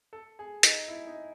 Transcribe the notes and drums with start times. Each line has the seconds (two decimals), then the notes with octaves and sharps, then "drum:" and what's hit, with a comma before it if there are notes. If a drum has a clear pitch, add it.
0.13 A4
0.39 G#4
0.63 D#4, drum: hi-hat
0.88 E4
1.07 D#4